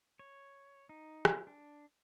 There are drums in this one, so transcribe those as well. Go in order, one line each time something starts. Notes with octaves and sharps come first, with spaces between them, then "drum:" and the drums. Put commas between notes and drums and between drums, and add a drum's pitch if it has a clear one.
C#5
D#4
drum: rim click
D4